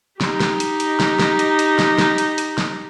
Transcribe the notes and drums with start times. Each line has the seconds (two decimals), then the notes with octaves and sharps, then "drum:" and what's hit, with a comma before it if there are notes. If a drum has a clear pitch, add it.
0.21 D#4 G4, drum: snare
0.40 drum: snare
0.60 drum: hi-hat
0.80 drum: hi-hat
1.00 drum: snare
1.19 drum: snare
1.39 drum: hi-hat
1.59 drum: hi-hat
1.79 drum: snare
1.98 drum: snare
2.18 drum: hi-hat
2.38 drum: hi-hat
2.58 drum: snare